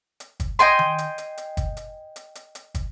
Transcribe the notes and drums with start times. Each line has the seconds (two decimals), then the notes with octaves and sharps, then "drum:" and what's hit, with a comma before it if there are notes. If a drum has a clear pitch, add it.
0.20 drum: hi-hat
0.40 drum: kick, hi-hat
0.59 D#5 G5 G#5 C6, drum: hi-hat
0.79 drum: tom D#3
0.98 drum: hi-hat
1.18 drum: hi-hat
1.38 drum: hi-hat
1.57 drum: kick, hi-hat
1.77 drum: hi-hat
2.16 drum: hi-hat
2.35 drum: hi-hat
2.55 drum: hi-hat
2.75 drum: kick, hi-hat